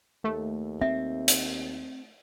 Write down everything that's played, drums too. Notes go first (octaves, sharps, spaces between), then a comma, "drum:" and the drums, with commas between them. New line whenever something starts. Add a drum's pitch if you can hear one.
D#2 A3
C4 E5
drum: hi-hat